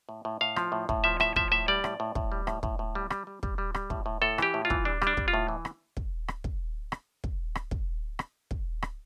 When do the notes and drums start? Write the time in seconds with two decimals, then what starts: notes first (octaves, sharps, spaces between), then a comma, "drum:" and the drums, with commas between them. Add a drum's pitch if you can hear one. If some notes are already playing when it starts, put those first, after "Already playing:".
0.09 A2
0.25 A2
0.41 A2 F5
0.56 F3, drum: rim click
0.72 A2
0.89 A2, drum: kick
1.04 F3 E5
1.20 A2 E5, drum: rim click
1.36 F3 E5, drum: kick
1.52 A2 E5
1.68 G3 D5
1.84 A2, drum: rim click
2.00 A2
2.15 A2, drum: kick
2.32 G3
2.47 A2, drum: rim click
2.63 A2, drum: kick
2.79 A2
2.95 G3
3.10 G3, drum: rim click
3.27 G3
3.43 G3, drum: kick
3.58 G3
3.75 G3, drum: rim click
3.90 A2, drum: kick
4.06 A2
4.22 A2 A4
4.38 E3 G4, drum: rim click
4.54 A2
4.65 F4
4.70 E3, drum: kick
4.85 G3 D4
5.02 G3, drum: rim click
5.07 D4
5.17 G3, drum: kick
5.28 F4
5.34 A2
5.48 E3
5.65 drum: rim click
5.97 drum: kick
6.28 drum: rim click
6.44 drum: kick
6.92 drum: rim click
7.24 drum: kick
7.55 drum: rim click
7.71 drum: kick
8.19 drum: rim click
8.51 drum: kick
8.82 drum: rim click